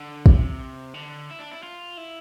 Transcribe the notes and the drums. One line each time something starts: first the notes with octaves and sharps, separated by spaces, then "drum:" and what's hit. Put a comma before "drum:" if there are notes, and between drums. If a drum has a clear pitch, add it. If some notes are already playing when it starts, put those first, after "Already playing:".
Already playing: D3
C3, drum: kick
D3
E4
D4
E4
F4
E4